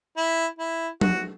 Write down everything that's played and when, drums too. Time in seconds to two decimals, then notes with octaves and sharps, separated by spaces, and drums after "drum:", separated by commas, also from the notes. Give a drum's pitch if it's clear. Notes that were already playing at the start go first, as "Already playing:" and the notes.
0.17 E4
0.59 E4
1.01 F#4, drum: tom F#3